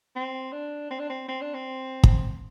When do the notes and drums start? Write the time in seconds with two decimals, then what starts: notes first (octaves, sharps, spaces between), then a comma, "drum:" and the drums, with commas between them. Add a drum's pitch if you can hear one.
0.16 C4
0.52 D4
0.90 C4
0.99 D4
1.09 C4
1.28 C4
1.41 D4
1.54 C4
2.04 drum: kick